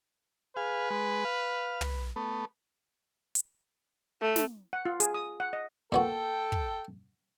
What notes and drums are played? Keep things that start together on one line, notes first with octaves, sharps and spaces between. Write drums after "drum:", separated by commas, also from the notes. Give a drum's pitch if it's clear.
G#4 B4 F5
G#3
F5
drum: tom
A3 B3
drum: hi-hat
A3
drum: snare
F#5
F4
G#4, drum: hi-hat
D#6
F#5
D#5
A#2 B3 F#4 A4 G5
drum: kick